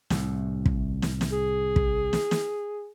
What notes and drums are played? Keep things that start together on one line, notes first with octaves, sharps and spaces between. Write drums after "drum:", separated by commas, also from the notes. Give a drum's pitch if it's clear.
C2 A2, drum: snare
drum: kick
drum: snare
drum: snare
G#4
drum: kick
drum: snare
drum: snare